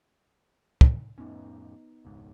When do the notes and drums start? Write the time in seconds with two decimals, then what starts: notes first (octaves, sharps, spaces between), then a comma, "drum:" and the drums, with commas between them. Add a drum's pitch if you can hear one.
0.81 drum: kick
1.18 F2 A2 B3 C#4 D#4
2.05 E1 C#2 G#2